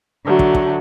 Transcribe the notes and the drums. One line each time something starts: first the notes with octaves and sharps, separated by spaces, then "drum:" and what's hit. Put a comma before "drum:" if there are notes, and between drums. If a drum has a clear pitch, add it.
D3 F#3 A3
drum: kick
drum: kick